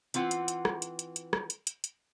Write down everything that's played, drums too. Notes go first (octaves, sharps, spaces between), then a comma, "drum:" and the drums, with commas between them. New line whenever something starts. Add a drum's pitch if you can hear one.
E3 C4 F4 F#5, drum: hi-hat
drum: hi-hat
drum: hi-hat
drum: rim click
drum: hi-hat
drum: hi-hat
drum: hi-hat
drum: rim click
drum: hi-hat
drum: hi-hat
drum: hi-hat